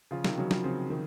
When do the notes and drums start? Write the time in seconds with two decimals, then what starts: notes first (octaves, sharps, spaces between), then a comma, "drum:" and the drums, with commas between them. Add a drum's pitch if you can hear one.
0.11 C#3 F3 F4
0.24 C3 D#3, drum: snare
0.37 C#3 F3 F#3
0.51 C#3 F3, drum: snare
0.64 C#3 C4
0.90 D#3